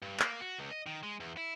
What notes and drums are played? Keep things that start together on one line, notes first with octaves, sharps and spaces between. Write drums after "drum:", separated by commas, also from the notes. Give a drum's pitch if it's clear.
G2
A#3, drum: clap
F#4
C#2
D#5
D#3
G#3
E2
E4